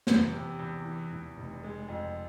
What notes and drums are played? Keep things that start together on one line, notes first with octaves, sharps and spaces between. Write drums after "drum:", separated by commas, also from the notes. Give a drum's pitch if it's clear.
E2, drum: snare
C3
E2
E3
E2
F1
G#3
F2